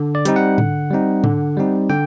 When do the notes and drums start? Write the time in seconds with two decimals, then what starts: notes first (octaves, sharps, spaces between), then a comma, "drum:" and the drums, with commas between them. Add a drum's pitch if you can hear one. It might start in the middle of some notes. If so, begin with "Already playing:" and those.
Already playing: D3
0.15 D5
0.25 G3 C4 D#4, drum: hi-hat
0.36 F#5
0.58 D3, drum: tom G#2
0.91 G3 C4 D#4
1.24 D3, drum: tom G#2
1.57 G3 C4 D#4
1.90 D3 G5